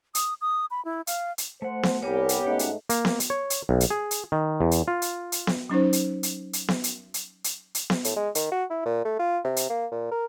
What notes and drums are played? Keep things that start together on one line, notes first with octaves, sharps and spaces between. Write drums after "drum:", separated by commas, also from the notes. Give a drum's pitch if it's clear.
D#6, drum: hi-hat
D#6
B5
E4
F5, drum: hi-hat
drum: hi-hat
A3 C5 F#5
drum: snare B3
C2 B3 G4 A#4 C#5 G#5
drum: hi-hat
G#2 A3 C#4 D#4 F#4 F#5
drum: hi-hat
A#3, drum: hi-hat
drum: snare B3
drum: hi-hat
C#5
drum: hi-hat
B1
drum: hi-hat
G#4
drum: hi-hat
D#3
E2
drum: hi-hat
F4
drum: hi-hat
drum: hi-hat
drum: snare B3
F#3 C#4 D#4 C5
drum: hi-hat
drum: hi-hat
drum: hi-hat
drum: snare B3
drum: hi-hat
drum: hi-hat
drum: hi-hat
drum: hi-hat
drum: snare B3
A2, drum: hi-hat
G#3
D#3, drum: hi-hat
F#4
E4
A#2
A3
F4
C3
drum: hi-hat
A#3
A#2
A#4